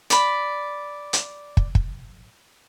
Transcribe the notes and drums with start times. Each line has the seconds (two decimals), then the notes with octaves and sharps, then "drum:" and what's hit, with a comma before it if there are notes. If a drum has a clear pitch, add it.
0.10 D5 B5, drum: hi-hat
1.13 drum: hi-hat
1.57 drum: kick
1.75 drum: kick